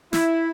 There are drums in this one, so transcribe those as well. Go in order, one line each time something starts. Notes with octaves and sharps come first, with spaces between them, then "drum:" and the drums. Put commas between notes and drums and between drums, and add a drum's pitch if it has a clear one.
E4, drum: snare